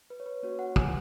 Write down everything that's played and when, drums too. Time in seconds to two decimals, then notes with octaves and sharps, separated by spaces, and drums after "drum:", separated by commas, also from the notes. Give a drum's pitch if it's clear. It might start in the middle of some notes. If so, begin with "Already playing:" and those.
0.10 B4
0.20 C#5
0.26 B4
0.43 A#3 C#4 F#4 C#5
0.59 F#5
0.76 G#5, drum: kick